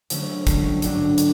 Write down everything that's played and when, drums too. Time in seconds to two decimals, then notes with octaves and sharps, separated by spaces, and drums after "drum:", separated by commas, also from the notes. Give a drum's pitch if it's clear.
0.10 D3 F#3 A3 C#4, drum: hi-hat
0.47 D3 F#3 A3 C#4, drum: kick, hi-hat
0.82 A2 F#3 A3 D4, drum: hi-hat
1.18 D4, drum: hi-hat